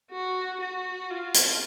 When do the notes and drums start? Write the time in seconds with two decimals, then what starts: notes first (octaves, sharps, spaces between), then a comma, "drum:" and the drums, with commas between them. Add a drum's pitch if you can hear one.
0.11 F#4
0.60 F#4
1.11 F4
1.34 drum: hi-hat